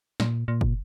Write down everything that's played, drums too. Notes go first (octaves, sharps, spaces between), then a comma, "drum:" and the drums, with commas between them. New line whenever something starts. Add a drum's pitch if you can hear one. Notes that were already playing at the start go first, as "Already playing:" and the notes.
A#2, drum: snare
A#2
drum: kick